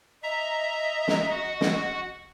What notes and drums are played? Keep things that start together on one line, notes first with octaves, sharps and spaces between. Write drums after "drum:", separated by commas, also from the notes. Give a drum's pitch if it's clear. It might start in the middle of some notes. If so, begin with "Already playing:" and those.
D#5 E5 A#5
drum: snare
F#4 F#5
drum: snare